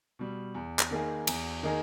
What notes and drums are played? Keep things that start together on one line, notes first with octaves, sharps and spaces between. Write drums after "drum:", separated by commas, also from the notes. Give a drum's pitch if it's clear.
B2 G3
E2
drum: clap
D#3 A#3 D#4 G#4
E2, drum: cymbal
D#3 A#3 D#4 G#4